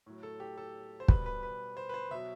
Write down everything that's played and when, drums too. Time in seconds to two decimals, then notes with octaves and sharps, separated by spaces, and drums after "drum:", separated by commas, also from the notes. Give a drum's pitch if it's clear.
0.06 A2 F#3
0.23 A4
0.40 G4
0.58 A4
1.00 C5
1.08 B2 G3 B4, drum: kick
1.26 B4
1.43 B4
1.77 C5
1.89 B4
1.94 C5
2.11 B2 F#3 E5